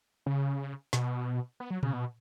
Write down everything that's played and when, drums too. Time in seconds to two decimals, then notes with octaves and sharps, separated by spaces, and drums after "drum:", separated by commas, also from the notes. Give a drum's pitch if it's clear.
0.26 C#3
0.93 B2, drum: snare
1.60 B3
1.71 F#3
1.83 C#3, drum: tom A#2
1.93 B2